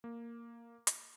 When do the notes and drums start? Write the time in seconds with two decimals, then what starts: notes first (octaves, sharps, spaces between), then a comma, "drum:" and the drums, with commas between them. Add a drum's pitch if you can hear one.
0.04 A#3
0.87 drum: hi-hat